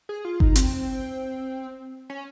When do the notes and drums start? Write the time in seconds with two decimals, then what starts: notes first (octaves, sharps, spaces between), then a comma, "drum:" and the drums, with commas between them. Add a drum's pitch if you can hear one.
0.09 G#4
0.25 F4
0.40 D#4, drum: kick G1
0.56 C4, drum: hi-hat
2.10 C#4